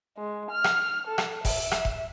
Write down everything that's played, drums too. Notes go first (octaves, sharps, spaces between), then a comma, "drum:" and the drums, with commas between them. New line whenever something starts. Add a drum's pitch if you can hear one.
G#3
F6
drum: rim click
A4
drum: rim click
E5, drum: kick F1, open hi-hat
drum: rim click
drum: kick F1